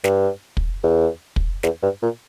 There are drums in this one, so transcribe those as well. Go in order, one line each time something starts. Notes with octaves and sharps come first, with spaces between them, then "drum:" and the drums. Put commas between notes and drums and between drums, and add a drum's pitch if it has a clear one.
G2, drum: snare
drum: kick
E2
drum: kick
E2, drum: snare
G2
A#2